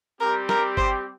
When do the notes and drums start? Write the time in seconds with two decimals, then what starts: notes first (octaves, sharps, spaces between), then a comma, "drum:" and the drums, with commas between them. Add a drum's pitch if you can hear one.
0.21 G3 C4 G4 A#4
0.49 A#4, drum: snare
0.77 C5, drum: kick G1